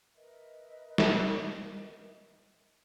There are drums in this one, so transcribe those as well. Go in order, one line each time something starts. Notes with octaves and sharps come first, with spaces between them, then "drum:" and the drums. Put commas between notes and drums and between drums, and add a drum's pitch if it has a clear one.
A#4 B4 D#5 E5
drum: snare